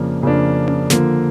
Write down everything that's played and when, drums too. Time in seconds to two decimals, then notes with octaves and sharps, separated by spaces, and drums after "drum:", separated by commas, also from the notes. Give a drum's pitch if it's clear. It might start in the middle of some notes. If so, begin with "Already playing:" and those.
Already playing: F2 C#3 F3 A#3 D4
0.22 F2 C#3 F3 A#3 D4
0.68 drum: tom C#4
0.90 D3 F3 A#3, drum: snare